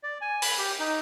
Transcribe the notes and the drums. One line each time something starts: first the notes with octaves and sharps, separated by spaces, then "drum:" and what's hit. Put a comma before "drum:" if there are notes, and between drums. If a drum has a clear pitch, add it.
D5
G#5
B5, drum: open hi-hat
G4
D#4